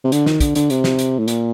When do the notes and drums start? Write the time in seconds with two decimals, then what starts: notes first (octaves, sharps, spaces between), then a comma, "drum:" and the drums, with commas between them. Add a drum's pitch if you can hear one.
0.04 C3
0.12 D3, drum: hi-hat
0.26 D#3, drum: snare
0.40 D3, drum: kick, hi-hat
0.55 D3, drum: hi-hat
0.70 C3, drum: hi-hat
0.84 drum: snare
0.99 drum: hi-hat
1.18 A2
1.28 A#2, drum: hi-hat